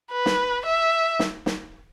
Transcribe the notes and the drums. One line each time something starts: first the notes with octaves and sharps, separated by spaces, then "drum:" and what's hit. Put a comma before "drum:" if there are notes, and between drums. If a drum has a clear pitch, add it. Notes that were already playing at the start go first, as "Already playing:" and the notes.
B4
drum: snare
E5
drum: snare
drum: snare